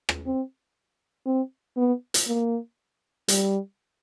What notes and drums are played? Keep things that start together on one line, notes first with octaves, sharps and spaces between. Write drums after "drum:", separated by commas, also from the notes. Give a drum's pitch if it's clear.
drum: rim click
C4
C4
B3
drum: hi-hat
A#3
G3, drum: hi-hat